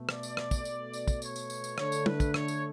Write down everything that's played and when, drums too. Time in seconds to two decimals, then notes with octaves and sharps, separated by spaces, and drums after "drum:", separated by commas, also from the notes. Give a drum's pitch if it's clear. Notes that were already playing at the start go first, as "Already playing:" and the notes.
Already playing: B2 A3
0.09 D5, drum: rim click
0.23 drum: tambourine
0.37 drum: rim click
0.51 drum: kick, tambourine
0.65 B2 A3, drum: tambourine
0.93 drum: tambourine
1.08 drum: kick, tambourine
1.22 C#5, drum: tambourine
1.36 drum: tambourine
1.50 drum: tambourine
1.64 drum: tambourine
1.78 D3 A3 C#5, drum: rim click
1.92 drum: tambourine
2.06 B4, drum: tom
2.20 drum: kick, tambourine
2.34 C#5, drum: rim click
2.48 drum: tambourine